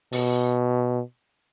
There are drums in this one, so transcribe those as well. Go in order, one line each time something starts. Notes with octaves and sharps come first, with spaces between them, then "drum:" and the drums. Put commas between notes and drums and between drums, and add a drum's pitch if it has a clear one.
B2, drum: open hi-hat